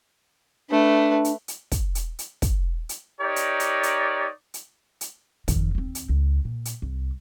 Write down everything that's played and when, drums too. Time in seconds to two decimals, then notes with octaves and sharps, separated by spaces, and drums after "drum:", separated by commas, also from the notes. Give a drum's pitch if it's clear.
0.70 A3 D4 B4
1.25 drum: hi-hat
1.48 drum: hi-hat
1.72 drum: kick, hi-hat
1.95 drum: hi-hat
2.19 drum: hi-hat
2.42 drum: kick, hi-hat
2.89 drum: hi-hat
3.21 D#4 G4 A#4 C#5 D5
3.36 drum: hi-hat
3.60 drum: hi-hat
3.83 drum: hi-hat
4.54 drum: hi-hat
5.01 drum: hi-hat
5.48 F2 D#3, drum: kick, hi-hat
5.75 D#2 C4
5.95 drum: hi-hat
6.09 C#2
6.45 A#2
6.65 drum: hi-hat
6.82 C2